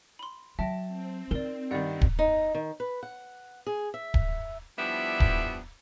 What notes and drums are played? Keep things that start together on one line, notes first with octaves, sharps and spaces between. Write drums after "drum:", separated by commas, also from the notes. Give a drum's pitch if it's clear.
B5 C6
F#3 E5 G5 A5 A#6
C4
D#4 A#4 D5
G2 D#3 D5 D#5 F#5
drum: kick D1
D#4
D#3
B4
F#5
G#4
E5
drum: kick D1
F3 G3 B3 D4 E4 E5
drum: kick D1